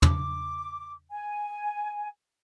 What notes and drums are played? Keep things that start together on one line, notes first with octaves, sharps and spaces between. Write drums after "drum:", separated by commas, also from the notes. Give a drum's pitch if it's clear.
D6, drum: tom
G#5